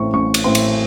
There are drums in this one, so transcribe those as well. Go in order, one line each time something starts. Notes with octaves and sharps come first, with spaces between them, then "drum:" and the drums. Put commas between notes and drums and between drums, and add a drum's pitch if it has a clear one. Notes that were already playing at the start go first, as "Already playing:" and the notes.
Already playing: A1 A2 A3 C4 C#6
A1 C#6
drum: cymbal
A2 A3 C4 C6
drum: cymbal